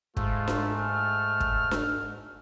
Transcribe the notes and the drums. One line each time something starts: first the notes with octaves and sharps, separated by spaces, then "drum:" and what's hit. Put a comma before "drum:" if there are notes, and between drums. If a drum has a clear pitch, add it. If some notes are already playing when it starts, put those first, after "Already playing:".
G#2 A3 F4, drum: kick
drum: snare D4
F6
drum: kick
drum: snare D4